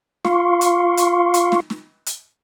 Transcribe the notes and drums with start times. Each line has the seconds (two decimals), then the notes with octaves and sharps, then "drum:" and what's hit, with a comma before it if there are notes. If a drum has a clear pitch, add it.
0.25 F4 F5 C6 C#6, drum: snare
0.61 drum: hi-hat
0.97 drum: hi-hat
1.34 drum: hi-hat
1.52 drum: snare
1.70 drum: snare
2.06 drum: hi-hat